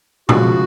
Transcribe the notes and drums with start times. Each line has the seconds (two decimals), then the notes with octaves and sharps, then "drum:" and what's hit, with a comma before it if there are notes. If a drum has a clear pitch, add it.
0.29 C#3 F3 G#3 F#4, drum: tom A#2